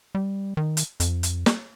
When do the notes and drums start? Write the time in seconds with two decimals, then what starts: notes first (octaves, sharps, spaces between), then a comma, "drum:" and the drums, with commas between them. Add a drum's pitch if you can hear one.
0.15 G3
0.57 D#3
0.77 drum: hi-hat
1.00 F2, drum: hi-hat
1.23 drum: hi-hat
1.46 drum: snare